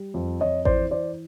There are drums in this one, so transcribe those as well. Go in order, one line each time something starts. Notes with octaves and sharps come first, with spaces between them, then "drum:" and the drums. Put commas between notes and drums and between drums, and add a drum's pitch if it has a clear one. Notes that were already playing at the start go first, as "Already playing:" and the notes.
Already playing: G3
F2
F2 C#5 D#5
E3 C5 D5, drum: kick A1
E3 C5 D5